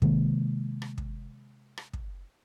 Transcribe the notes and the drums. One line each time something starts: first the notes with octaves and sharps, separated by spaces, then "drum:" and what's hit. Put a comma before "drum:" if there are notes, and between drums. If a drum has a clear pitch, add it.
C3 D#3 G#3 A#3, drum: kick
drum: rim click
drum: kick
drum: rim click
drum: kick